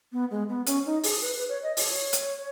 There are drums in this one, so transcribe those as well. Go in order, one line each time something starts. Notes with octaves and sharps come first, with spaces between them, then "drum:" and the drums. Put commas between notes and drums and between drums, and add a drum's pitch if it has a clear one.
B3
G#3
B3
C#4, drum: hi-hat
D#4
G#4, drum: open hi-hat
B4
B4
C#5
D#5
C#5, drum: open hi-hat
drum: hi-hat